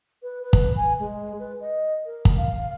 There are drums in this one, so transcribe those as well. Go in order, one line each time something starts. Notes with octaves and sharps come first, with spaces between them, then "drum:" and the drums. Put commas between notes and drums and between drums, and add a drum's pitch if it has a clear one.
B4
B4
drum: kick
G#5
G#3
B4
D#5
A#4
drum: kick
F5